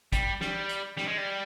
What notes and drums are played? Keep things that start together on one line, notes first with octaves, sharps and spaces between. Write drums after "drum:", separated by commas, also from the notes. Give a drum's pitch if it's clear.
G3, drum: kick, hi-hat
G3, drum: snare
drum: hi-hat
G3, drum: snare
G#3
G3